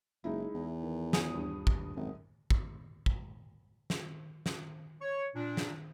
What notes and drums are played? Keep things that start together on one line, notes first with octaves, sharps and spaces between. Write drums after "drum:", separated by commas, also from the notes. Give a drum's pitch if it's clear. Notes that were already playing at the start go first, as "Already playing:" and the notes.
F#1 G#3 D#4 E4
E2
D#3
G#5 D#6, drum: snare
D#1 G2
drum: kick
G#1 F#2
drum: kick
drum: kick
drum: snare
drum: snare
C#5
A#2 D4
drum: snare